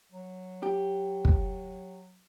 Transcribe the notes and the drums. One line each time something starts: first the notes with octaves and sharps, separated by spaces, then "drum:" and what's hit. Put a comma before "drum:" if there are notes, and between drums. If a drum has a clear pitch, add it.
F#3
G4
drum: kick